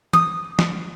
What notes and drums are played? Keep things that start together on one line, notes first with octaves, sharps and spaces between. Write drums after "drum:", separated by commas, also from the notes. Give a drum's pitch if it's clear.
D#6, drum: tom
drum: snare